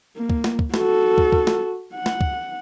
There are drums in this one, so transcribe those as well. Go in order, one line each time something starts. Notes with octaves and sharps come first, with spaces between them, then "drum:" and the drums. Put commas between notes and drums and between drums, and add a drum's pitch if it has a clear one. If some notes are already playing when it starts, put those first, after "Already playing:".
A#3
drum: kick
drum: snare
drum: kick
F#4 A4, drum: snare
drum: kick
drum: kick
drum: snare
F#5
drum: snare
drum: kick